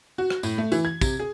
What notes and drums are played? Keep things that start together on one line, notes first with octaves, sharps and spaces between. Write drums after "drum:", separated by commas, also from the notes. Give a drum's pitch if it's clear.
F#4
drum: rim click
A2, drum: tambourine
A3
E3, drum: tambourine
G#6
C3, drum: kick, tambourine
G#4